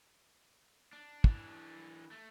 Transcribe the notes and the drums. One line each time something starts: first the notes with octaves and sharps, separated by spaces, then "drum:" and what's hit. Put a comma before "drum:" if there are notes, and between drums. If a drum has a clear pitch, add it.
D4
E3 D4, drum: kick
A3